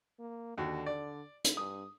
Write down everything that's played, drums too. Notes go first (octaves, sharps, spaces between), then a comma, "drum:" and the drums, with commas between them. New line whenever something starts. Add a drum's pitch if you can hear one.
A#3
D#2 D3 F#4
D5
drum: hi-hat
G2 D#6